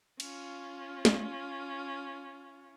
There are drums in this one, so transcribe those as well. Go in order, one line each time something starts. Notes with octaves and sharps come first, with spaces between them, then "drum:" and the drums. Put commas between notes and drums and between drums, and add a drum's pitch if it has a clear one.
C#4 F4, drum: cymbal
drum: snare